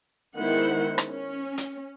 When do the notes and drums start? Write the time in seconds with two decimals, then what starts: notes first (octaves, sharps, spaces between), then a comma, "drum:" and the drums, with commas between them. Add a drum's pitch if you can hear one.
0.37 D#3 G#3 B3 E4 C5 F#5
0.98 drum: rim click
1.09 C#4
1.58 drum: hi-hat